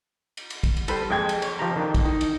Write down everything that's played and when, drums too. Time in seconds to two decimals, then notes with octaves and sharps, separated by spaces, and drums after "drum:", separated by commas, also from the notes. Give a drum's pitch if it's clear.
0.37 drum: cymbal
0.50 drum: cymbal
0.63 drum: kick, cymbal
0.77 drum: cymbal
0.88 G3 A4 B4 C5, drum: cymbal
1.10 F2 G#3 G5 G#6
1.29 drum: cymbal
1.42 C#5, drum: cymbal
1.59 F3 G4 A#5
1.76 D#3 D4
1.95 drum: kick, cymbal
2.05 D#4
2.21 drum: cymbal